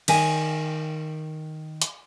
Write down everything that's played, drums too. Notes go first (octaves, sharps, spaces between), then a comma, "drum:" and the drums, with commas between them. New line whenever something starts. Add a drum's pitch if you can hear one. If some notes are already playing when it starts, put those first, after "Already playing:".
D#3 G5 G#5, drum: cymbal
drum: hi-hat